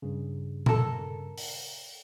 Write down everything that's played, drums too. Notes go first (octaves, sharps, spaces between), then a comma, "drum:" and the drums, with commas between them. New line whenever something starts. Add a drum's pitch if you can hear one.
G2 C#3
A4 A#4, drum: tom A#2
drum: open hi-hat